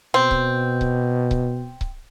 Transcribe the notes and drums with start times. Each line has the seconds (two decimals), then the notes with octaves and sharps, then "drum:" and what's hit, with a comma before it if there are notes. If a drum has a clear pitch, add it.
0.14 B2 C4
0.31 drum: kick C#1
0.81 drum: kick C#1
1.31 drum: kick C#1
1.81 drum: kick C#1